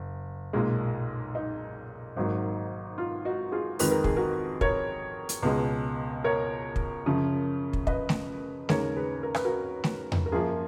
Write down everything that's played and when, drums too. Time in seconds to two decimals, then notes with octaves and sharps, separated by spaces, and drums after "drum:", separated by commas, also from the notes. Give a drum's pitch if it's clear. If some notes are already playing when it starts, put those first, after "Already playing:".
Already playing: F#1
0.53 B1 A#2 G#3
1.35 D#4
2.17 G#1 G#2 F#3 A#3
2.98 F4
3.25 D#4 F#4
3.52 F4 G#4
3.79 F2 D#3 G#3 B4, drum: open hi-hat
3.91 A#4
4.04 G#4, drum: kick
4.17 F#4 A#4
4.61 A#4 C#5, drum: kick
5.29 drum: hi-hat
5.42 C#2 B2 G#3
6.24 A#4 C#5
6.76 drum: kick
7.06 F#2 C#3 F3
7.73 drum: kick
7.87 B4 D#5, drum: kick
8.09 drum: snare A3
8.69 D#2 C#3 G#3 A#4 C#5, drum: snare A3
8.96 G#4 B4
9.23 A#4
9.35 B4, drum: rim click
9.45 F#4 A#4
9.84 drum: snare A3
10.12 drum: tom E2
10.26 A#4
10.32 F#2 F3 A#3 F4 G#4